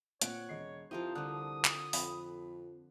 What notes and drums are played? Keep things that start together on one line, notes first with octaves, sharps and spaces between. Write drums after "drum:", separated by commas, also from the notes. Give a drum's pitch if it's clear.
A#2 C4 C#5 F#5 D7, drum: hi-hat
E1 D#5 C7
F2 F3 E4 G4 A#4 C5 D#5 F5
C2 D3 F3 D#6 F#6
drum: clap
F2 B5, drum: open hi-hat